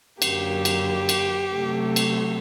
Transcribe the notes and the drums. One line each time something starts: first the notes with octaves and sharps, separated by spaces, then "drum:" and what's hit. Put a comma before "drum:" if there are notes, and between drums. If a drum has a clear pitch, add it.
F#2 D3 F#3 A#3 G4, drum: cymbal
drum: cymbal
drum: cymbal
C3 F#3 A3
drum: cymbal